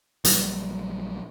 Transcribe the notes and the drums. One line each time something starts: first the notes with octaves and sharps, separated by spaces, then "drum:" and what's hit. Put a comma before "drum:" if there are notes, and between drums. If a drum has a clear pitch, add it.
A#1 F#3 G3, drum: hi-hat